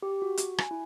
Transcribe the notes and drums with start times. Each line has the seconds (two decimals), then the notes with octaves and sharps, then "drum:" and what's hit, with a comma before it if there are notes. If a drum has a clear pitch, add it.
0.02 G4
0.22 F#4
0.37 drum: hi-hat
0.58 G#5, drum: rim click
0.71 E4